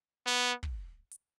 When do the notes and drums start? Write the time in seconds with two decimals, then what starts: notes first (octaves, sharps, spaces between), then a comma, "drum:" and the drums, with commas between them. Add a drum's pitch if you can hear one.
0.26 B3
0.63 drum: kick
1.11 drum: hi-hat